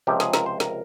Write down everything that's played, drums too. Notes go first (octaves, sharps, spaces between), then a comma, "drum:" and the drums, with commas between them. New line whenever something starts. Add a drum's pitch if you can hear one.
C#2 C3 F3 G4
G#4, drum: snare
A#4, drum: snare
C5
A#4, drum: snare